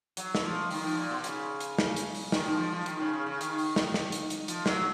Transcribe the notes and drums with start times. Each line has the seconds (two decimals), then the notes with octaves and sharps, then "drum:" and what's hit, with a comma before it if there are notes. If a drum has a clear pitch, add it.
0.17 F#3, drum: hi-hat
0.35 drum: snare
0.44 F3
0.71 D#3, drum: open hi-hat
0.85 F3
0.97 A#2
1.11 B2
1.24 C#3, drum: hi-hat
1.60 drum: hi-hat
1.78 drum: snare
1.96 drum: hi-hat
2.14 drum: open hi-hat
2.32 D#3, drum: snare
2.46 F3
2.59 F3
2.72 F3
2.86 D#3, drum: hi-hat
3.00 C#3
3.13 C#3
3.26 C#3
3.41 D#3, drum: hi-hat
3.58 drum: open hi-hat
3.76 drum: snare
3.94 drum: snare
4.12 drum: hi-hat
4.30 drum: hi-hat
4.48 F3, drum: hi-hat
4.66 F#3, drum: snare